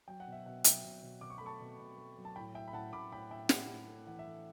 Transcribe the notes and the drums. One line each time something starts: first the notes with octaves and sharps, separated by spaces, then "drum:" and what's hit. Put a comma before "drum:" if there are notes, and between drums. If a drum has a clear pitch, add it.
F#3 G5
F#5
B2 E5
B2 F#5
F#3 E5 G5, drum: hi-hat
B2
B2
B2 D6
C#6
A3 B5
A5 C#6
B2
B2
A3
F#3
A5
A2 G5 B5
A2 E5 G5
B5
A2 F#5 A5
A2 B5 D6
A2 G5 B5
A2 E5 G5
A2 F#5, drum: snare
A2
A3
E3 F#5
E5
A3